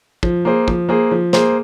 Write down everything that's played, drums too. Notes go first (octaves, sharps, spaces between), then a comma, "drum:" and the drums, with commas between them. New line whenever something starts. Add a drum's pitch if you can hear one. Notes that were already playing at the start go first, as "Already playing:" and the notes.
F3, drum: kick
A#3 G#4 C5
F3, drum: kick
A#3 G#4 C5
F3
A#3 G#4 C5, drum: snare